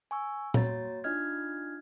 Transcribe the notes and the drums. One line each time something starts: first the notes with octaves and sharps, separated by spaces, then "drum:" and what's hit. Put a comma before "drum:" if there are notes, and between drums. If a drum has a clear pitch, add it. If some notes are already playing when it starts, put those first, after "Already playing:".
G#5 C#6 E6
A#3 F#4 C#5 A#5 A6, drum: tom A#2
D4 D#4 F4 D#5 F6 G#6